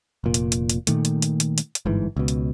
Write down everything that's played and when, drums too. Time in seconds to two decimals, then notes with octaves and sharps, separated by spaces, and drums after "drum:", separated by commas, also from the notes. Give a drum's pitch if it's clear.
0.24 F1 A#2
0.34 drum: hi-hat
0.52 drum: hi-hat
0.70 drum: hi-hat
0.87 A#2 D#3 A3, drum: hi-hat
1.05 drum: hi-hat
1.22 drum: hi-hat
1.40 drum: hi-hat
1.58 drum: hi-hat
1.75 drum: hi-hat
1.86 G1 G#2 E3
2.17 C#2 B2
2.28 drum: hi-hat